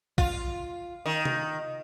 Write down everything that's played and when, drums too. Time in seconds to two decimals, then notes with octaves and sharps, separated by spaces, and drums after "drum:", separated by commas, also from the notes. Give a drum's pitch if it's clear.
0.18 F4, drum: kick
1.06 D#3
1.25 drum: tom C3